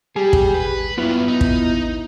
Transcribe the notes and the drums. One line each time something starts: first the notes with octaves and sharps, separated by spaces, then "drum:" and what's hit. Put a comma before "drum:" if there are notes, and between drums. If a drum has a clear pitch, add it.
G3 G4 G#4
drum: kick
B4
G2 F#3 B3 E4 F4 B4
D#4 E4
drum: kick